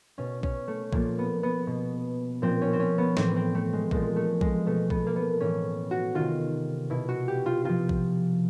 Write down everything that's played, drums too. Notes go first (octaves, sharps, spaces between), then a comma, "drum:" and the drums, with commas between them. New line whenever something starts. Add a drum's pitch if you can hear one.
B2 C#4
C#4, drum: kick A#1
A3
A#2 F3 A#3, drum: kick A#1
B3
B3
B2
A#2 F3 C4
C#4
C4
C#4
B3
A2 E3 C4, drum: snare
C4
A3
G#3
A#2 F3 G#3, drum: kick A#1
A3
G#3, drum: kick A#1
B2 A3
B3, drum: kick A#1
A#3
B3
A2 E3 C#4
F#4
C3 D#3 F4
B2 E4
F#4
G4
F4
C3 F3 F4
drum: kick A#1